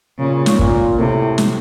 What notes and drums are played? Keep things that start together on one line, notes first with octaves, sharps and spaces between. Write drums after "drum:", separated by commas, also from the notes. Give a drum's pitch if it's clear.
A#2 C#3
drum: snare
A#2, drum: kick
A2 C3
drum: snare